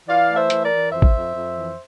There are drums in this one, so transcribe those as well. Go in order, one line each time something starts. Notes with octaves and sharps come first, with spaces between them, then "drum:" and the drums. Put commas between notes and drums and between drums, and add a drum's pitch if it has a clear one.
E3 D5 F5
A3
C5 E5
E3, drum: hi-hat
A#4 D5
E3
F2 C5 E5
drum: kick
F2
F2
E3